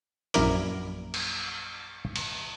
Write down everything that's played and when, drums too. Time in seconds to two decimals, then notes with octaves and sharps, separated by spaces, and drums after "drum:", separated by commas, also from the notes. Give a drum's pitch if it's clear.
0.34 A#1 F#2 E4 A#4 D5, drum: hi-hat
1.14 drum: cymbal
2.16 drum: cymbal